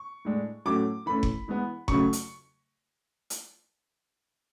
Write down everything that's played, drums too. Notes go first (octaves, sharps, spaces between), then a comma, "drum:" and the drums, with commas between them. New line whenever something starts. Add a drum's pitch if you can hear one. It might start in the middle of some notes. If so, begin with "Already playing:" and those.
Already playing: C#6
A2 G#3 D4
A2 F#3 A3 C#4 D6
E3 A3 C#4 B5
drum: kick F#1
E3 G#3 B3
C#3 F#3 A3 C#4 C#6, drum: kick F#1
drum: hi-hat
drum: hi-hat